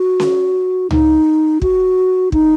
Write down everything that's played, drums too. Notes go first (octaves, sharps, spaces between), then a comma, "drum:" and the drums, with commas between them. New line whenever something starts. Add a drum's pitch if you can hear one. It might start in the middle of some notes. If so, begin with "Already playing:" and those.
Already playing: F#4
drum: snare C#4
D#4, drum: tom C#2
F#4, drum: kick
D#4, drum: kick